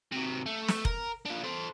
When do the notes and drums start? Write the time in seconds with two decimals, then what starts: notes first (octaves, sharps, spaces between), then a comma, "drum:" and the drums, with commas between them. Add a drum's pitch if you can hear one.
0.12 C3 F#3
0.46 A3
0.68 drum: snare
0.85 A#4, drum: kick F1
1.26 D4 F4
1.44 A4 C5